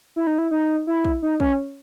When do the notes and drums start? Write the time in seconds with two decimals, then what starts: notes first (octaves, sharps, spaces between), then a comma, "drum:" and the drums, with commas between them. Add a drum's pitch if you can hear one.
0.16 E4
0.27 D#4
0.38 E4
0.51 D#4
0.87 E4
1.05 drum: kick
1.22 D#4
1.40 C#4, drum: kick